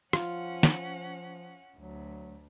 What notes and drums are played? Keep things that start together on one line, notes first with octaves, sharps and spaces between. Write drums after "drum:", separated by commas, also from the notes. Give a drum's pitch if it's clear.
F3 C#4 F4 F#5, drum: rim click
drum: snare
D2 F#3